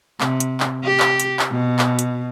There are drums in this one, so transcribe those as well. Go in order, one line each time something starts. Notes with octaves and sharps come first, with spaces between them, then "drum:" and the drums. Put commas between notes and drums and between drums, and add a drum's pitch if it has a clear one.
C3, drum: clap
drum: hi-hat
drum: clap
G4
drum: clap
drum: hi-hat
drum: clap
B2
drum: clap
drum: hi-hat